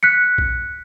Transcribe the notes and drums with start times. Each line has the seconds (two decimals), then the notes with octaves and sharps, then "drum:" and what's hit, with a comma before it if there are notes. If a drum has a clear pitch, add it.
0.03 F#6 B6 C#7
0.38 drum: kick A#1